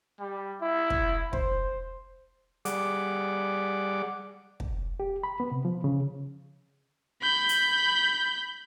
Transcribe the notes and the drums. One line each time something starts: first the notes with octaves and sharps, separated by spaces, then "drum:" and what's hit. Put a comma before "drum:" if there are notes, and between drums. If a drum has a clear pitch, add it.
G3
E4
drum: kick
C5, drum: kick
G3 G#4 D5 F#5 D6, drum: hi-hat
drum: kick
G4
B5
B3
C3
F3
C#3
B5 G6
drum: hi-hat